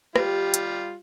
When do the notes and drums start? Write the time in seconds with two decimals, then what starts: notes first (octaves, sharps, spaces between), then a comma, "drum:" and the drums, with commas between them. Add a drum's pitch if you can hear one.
0.16 G3 F4 G4, drum: rim click
0.54 drum: hi-hat